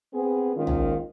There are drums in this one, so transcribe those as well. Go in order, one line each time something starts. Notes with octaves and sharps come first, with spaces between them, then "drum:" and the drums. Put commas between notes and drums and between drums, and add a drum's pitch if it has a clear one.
B3 C4 G#4
G#2 D#3 A#3 C#4 F4
drum: tom